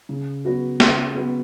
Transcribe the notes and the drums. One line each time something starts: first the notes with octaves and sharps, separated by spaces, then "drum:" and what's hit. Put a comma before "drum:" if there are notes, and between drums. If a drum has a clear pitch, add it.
C#3
F#3 B3 F#4 B4
C#3, drum: snare
F#3 B3 F#4 B4